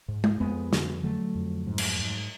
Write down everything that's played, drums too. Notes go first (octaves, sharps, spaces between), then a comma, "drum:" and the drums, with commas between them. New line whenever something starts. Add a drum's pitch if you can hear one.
G#2
drum: tom G#3
F2 G#3 B3
D3, drum: snare
D3 F#3 A3
F2
G#2
drum: cymbal
G#2